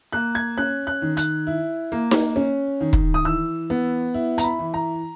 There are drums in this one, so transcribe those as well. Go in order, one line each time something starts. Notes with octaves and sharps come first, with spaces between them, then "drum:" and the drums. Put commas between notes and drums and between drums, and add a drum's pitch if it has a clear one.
A#3 F#6
G#6
C#4 F#6
F#6
D#3
F#6, drum: hi-hat
E4
A#3
drum: snare D#4
C#4
D#3
drum: kick
D#6
E3 E6
B3
E4
A#5, drum: hi-hat
B5
E3
A#5